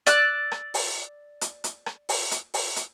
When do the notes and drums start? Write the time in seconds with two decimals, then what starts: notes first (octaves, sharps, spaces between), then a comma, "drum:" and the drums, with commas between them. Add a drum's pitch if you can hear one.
0.07 D5 E6 F#6, drum: hi-hat
0.52 drum: rim click
0.74 drum: open hi-hat
1.41 drum: hi-hat
1.64 drum: hi-hat
1.86 drum: rim click
2.09 drum: open hi-hat
2.31 drum: hi-hat
2.54 drum: open hi-hat
2.76 drum: hi-hat